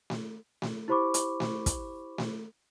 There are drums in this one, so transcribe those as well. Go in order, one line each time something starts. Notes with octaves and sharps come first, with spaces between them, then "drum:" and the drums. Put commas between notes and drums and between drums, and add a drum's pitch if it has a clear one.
drum: snare A3
drum: snare A3
E4 G4 C5 B5 C#6 D6
drum: hi-hat
drum: snare A3
drum: kick, hi-hat
drum: snare A3